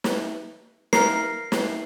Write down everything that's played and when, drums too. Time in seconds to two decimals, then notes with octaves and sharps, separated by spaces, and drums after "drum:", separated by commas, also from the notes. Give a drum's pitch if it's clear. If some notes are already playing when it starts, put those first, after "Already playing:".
0.04 drum: snare
0.93 A#4 C7, drum: snare
1.52 drum: snare